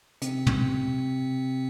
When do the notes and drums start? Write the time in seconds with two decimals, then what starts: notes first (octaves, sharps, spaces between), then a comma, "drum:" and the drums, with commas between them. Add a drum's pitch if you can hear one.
0.22 C3 C4, drum: hi-hat
0.47 drum: tom